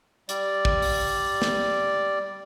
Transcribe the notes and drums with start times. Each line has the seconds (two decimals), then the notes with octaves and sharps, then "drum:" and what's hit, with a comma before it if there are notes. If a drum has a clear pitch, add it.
0.29 G3 D5, drum: hi-hat
0.65 drum: kick
0.82 drum: open hi-hat
1.42 drum: snare